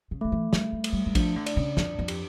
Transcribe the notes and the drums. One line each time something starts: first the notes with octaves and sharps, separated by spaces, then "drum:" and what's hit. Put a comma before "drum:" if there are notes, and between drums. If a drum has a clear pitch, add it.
C#3
D3 A3
E3
G3 A3, drum: snare
G3
A3, drum: cymbal
G3
G3
F3 D4, drum: kick A1, cymbal
D3
D5, drum: cymbal
C#3
F2 D4, drum: snare
F2
G4, drum: cymbal